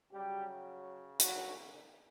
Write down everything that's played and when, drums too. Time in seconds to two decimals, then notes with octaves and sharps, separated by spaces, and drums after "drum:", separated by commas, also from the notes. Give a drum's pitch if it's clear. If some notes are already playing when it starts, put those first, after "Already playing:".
0.12 C#3 F#3 G3 G4
1.20 F#3 F#4, drum: hi-hat